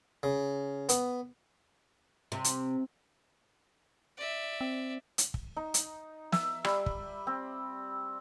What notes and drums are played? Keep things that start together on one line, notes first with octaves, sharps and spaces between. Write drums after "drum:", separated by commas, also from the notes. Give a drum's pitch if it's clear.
C#3
B3, drum: hi-hat
C3
drum: hi-hat
D5 E5
C4
drum: hi-hat
drum: kick
D#4
drum: hi-hat
E5, drum: snare
G3, drum: rim click
drum: kick
C4